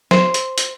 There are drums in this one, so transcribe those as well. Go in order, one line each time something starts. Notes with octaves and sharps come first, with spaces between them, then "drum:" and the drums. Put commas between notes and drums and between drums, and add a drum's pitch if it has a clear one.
C5, drum: snare
drum: hi-hat
drum: hi-hat